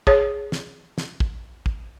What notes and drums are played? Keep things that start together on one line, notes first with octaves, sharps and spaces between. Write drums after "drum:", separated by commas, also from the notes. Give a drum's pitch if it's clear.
G#4 C#5, drum: kick
drum: snare
drum: snare
drum: kick
drum: kick